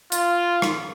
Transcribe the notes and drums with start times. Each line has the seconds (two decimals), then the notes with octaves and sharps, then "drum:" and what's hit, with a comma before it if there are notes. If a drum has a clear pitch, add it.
0.12 F4, drum: hi-hat
0.62 drum: rim click